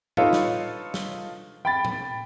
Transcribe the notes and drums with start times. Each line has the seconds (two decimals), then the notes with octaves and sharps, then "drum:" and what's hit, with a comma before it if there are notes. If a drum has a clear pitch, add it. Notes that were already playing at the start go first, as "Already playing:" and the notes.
0.17 D#4 F4 A4 B4 C#5 F5, drum: tom A2
0.33 drum: snare
0.94 drum: snare
1.65 G5 B5 A6
1.85 drum: tom A2